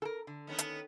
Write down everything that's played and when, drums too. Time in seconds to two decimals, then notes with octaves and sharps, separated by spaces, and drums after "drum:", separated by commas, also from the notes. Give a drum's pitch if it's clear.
0.02 A4 A#4
0.27 D3
0.47 D#3 B3 C#4
0.58 drum: hi-hat